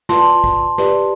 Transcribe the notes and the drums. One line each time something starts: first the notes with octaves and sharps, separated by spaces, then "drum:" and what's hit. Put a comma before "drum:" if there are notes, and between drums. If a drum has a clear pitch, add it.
F4 B4 D5 A5 C6, drum: snare
drum: kick
G4 B4 D5, drum: snare